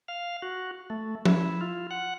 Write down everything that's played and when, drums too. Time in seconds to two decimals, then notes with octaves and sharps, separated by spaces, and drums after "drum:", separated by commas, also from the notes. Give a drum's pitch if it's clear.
0.08 F5
0.42 F#4
0.90 A3
1.25 E4, drum: tom F3
1.61 F4
1.91 F#5